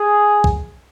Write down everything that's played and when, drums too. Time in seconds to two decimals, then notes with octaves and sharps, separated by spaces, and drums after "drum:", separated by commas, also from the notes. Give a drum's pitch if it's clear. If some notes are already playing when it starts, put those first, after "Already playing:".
Already playing: G#4
0.44 drum: kick